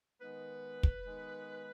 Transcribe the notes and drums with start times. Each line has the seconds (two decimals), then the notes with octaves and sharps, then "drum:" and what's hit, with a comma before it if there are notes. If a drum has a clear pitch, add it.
0.20 D#3 G#3 B3 D#4 B4
0.83 drum: kick
1.05 D#3 G#3 B3 D#4